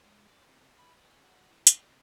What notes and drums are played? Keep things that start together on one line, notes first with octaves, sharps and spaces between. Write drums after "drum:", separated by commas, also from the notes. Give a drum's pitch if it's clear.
G#3
D5
C3
B4
B3
C#4
F#4
E3
G3, drum: hi-hat
C3